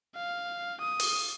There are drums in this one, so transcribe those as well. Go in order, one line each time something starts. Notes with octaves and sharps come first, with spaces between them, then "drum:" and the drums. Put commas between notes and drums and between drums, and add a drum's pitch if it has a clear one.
F5
D#6
drum: open hi-hat